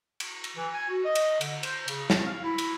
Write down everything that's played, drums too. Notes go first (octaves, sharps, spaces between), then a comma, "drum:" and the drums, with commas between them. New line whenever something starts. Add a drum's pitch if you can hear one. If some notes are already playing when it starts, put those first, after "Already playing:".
drum: cymbal
drum: cymbal
E3
G#5
F#4
D#5
drum: cymbal
D3, drum: cymbal
C5, drum: cymbal
C#3, drum: cymbal
C4, drum: snare
F5
E4
drum: cymbal